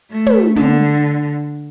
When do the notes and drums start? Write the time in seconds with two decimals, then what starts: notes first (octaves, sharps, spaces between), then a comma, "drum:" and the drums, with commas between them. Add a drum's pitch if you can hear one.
0.11 A3
0.26 drum: tom
0.56 D3, drum: tom